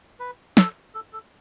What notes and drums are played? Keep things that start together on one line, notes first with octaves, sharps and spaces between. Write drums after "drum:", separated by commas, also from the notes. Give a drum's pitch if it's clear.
B4
A4, drum: snare
A4
A4